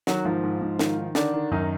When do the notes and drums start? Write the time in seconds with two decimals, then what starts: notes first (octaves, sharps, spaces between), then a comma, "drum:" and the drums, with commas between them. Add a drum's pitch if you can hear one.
0.07 D#3 F#3 F#4, drum: snare
0.25 G#2 F3 F4
0.43 G#2
0.61 G#2
0.79 D#3, drum: snare
0.98 D#3
1.15 D3 D#3 D4, drum: snare
1.34 D#3
1.51 F#2 D#3 D#4